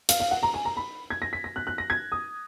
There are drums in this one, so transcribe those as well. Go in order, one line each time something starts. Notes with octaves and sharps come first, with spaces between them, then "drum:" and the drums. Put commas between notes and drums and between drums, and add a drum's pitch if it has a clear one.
F5, drum: hi-hat
F5
F#5
A#5
G#5
A#5
B5
G#6
A#6
B6
A#6
F#6
F#6
A#6
G#6
D#6